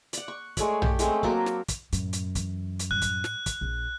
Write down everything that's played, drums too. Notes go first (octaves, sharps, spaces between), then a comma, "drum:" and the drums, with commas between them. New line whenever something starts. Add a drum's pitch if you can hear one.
D5 F#5, drum: hi-hat
C#6
G#3 A3 C#5 D5, drum: kick, hi-hat
G4, drum: tom A#1
G#3 A3 C4 C#4, drum: hi-hat
F#3 A#3 A5 D6, drum: kick
drum: snare
drum: kick, hi-hat
F#2 A2, drum: hi-hat
drum: hi-hat
E3, drum: kick, hi-hat
drum: hi-hat
A2 G3 F#6
drum: kick, hi-hat
drum: snare
drum: kick, hi-hat
A#1